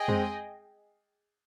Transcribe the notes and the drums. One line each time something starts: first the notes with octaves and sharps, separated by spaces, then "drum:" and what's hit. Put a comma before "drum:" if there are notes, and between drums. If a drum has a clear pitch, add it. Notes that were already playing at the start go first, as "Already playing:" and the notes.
Already playing: G#4 D#5 G5
G#3 C4, drum: tom